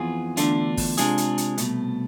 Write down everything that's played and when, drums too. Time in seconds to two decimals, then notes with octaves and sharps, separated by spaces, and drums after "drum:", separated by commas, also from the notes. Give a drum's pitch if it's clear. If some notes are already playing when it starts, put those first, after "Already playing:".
Already playing: F2 E3 B3 F4 G#4
0.37 E2 D3 A3 D4 F4, drum: hi-hat
0.77 drum: kick, open hi-hat
0.97 C3 G#3 D4 F4 G#4, drum: hi-hat
1.18 drum: hi-hat
1.38 drum: hi-hat
1.58 C2 B2 A3, drum: hi-hat